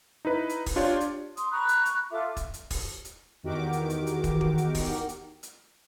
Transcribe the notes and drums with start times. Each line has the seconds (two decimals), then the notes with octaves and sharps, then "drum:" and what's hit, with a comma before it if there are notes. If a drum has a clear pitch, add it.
0.25 D#4 E4 B4
0.49 drum: hi-hat
0.66 drum: kick, open hi-hat
0.76 D4 F4 G4 C#5 D5
1.00 drum: hi-hat
1.37 C6 D#6, drum: hi-hat
1.52 A#5 B5 C#6 F#6
1.69 drum: hi-hat
1.86 drum: hi-hat
2.11 F4 A4 E5 D6
2.37 drum: kick, hi-hat
2.54 drum: hi-hat
2.71 drum: kick, open hi-hat
3.05 drum: hi-hat
3.43 E2 D#3 F#4 G4 A#4 D6
3.73 drum: hi-hat
3.90 drum: hi-hat
4.07 drum: hi-hat
4.24 drum: kick, hi-hat
4.41 drum: kick
4.58 drum: hi-hat
4.75 drum: kick, open hi-hat
5.09 drum: hi-hat
5.43 drum: hi-hat